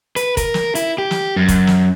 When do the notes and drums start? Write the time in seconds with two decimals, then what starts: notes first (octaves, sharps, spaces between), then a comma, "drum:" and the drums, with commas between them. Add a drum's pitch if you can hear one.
0.16 B4, drum: hi-hat
0.37 A#4, drum: kick F1, hi-hat
0.54 drum: snare
0.75 E4, drum: hi-hat
0.98 G4
1.11 drum: snare
1.36 F#2
1.48 drum: kick F1, hi-hat
1.67 drum: snare